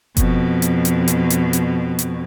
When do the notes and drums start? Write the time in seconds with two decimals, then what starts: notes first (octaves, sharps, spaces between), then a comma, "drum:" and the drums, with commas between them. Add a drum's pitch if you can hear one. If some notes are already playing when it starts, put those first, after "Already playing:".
0.17 F2 B2, drum: kick F#1, hi-hat
0.62 drum: hi-hat
0.85 drum: hi-hat
1.08 drum: hi-hat
1.30 drum: hi-hat
1.53 drum: hi-hat
1.99 drum: hi-hat